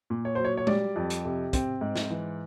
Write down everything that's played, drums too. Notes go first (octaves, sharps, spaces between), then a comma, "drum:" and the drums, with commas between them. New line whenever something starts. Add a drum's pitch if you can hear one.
A#2
C#5
F#3 C5
C#5
C#5
G3 D5, drum: tom G#3
F2
drum: hi-hat
C3
C4, drum: kick, hi-hat
G#2
drum: snare
E3